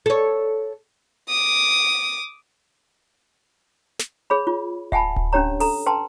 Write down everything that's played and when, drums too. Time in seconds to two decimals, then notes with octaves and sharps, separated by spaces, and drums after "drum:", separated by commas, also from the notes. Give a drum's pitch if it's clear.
0.06 A4 C#5
1.29 D6 D#6
3.99 drum: snare
4.30 G#4 C#5 B5
4.47 F4
4.92 E5 F#5 G#5 A5 B5, drum: kick D1
5.16 drum: kick D1
5.33 C#4 D4 G4 C#5 A#5
5.60 A4 A#5, drum: open hi-hat
5.86 B4 G5 A5 A#5 C6